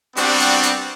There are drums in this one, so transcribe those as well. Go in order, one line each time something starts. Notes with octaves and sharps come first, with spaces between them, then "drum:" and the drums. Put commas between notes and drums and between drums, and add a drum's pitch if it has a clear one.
G3 B3 C4 D4 F#4, drum: hi-hat
drum: hi-hat
drum: hi-hat